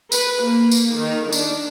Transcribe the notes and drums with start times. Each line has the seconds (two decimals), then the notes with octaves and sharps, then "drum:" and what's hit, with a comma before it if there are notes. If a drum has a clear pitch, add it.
0.12 B4, drum: tambourine
0.47 A#3
0.71 drum: tambourine
0.97 D#3
1.32 D4, drum: tambourine